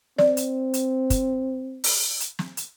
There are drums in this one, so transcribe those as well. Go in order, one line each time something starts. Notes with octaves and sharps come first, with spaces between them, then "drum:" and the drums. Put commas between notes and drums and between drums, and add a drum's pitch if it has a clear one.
C4 D5, drum: snare
drum: hi-hat
drum: hi-hat
drum: kick, hi-hat
drum: open hi-hat
drum: hi-hat
drum: snare
drum: hi-hat